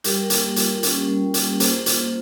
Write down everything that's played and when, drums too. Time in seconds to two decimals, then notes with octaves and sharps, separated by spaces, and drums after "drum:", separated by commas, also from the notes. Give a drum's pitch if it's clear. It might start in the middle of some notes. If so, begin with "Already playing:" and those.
0.04 G3 G4 A#4, drum: hi-hat
0.30 A#3, drum: hi-hat
0.56 F4, drum: hi-hat
0.83 C#4, drum: hi-hat
1.09 G3
1.34 A#3, drum: hi-hat
1.60 A#3 G#4 C5, drum: hi-hat
1.86 F4, drum: hi-hat